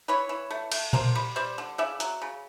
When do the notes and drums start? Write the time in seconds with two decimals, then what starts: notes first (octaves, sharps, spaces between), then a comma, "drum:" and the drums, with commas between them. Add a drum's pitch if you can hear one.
0.08 E3 B4 C#5
0.29 E3
0.51 A3
0.72 A3, drum: cymbal
0.93 D3 A#4 C5, drum: tom A#2
1.15 G3
1.36 G3 C5 D5
1.58 D3
1.78 C#3 D5 E5
2.00 F#3, drum: hi-hat
2.22 C#3